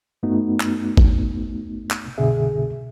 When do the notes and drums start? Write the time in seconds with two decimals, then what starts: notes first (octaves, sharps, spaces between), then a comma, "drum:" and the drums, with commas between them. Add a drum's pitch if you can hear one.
0.23 G2 A3 B3 D#4 F#4
0.60 drum: clap
0.97 drum: kick G#1
1.91 drum: clap
2.18 C2 G2 B2 D3 G#4 E5